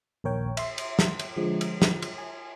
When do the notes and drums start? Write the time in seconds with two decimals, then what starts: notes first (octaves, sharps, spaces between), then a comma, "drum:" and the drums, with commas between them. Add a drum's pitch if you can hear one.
0.24 A#1 D#2 A#4 C#5 G5
0.57 E5 C6, drum: cymbal
0.78 drum: cymbal
0.99 drum: snare
1.19 drum: cymbal
1.36 D3 F3 G#3
1.61 drum: cymbal
1.82 drum: snare
2.02 drum: cymbal
2.18 G#5